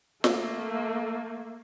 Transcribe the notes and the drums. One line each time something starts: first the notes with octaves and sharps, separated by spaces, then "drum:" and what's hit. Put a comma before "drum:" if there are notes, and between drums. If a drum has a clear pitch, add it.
A3 A#3, drum: snare